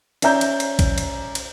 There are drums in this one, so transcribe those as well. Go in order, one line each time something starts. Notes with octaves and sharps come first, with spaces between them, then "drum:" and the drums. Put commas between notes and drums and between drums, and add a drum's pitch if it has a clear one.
C#4 D5 E5 A#5 G6, drum: cymbal
drum: cymbal
drum: cymbal
drum: kick, cymbal
drum: cymbal
drum: cymbal